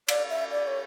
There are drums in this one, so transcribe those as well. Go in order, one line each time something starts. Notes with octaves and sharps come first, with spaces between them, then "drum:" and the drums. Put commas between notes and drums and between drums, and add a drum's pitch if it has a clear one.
D5, drum: cymbal
E5
D5
C#5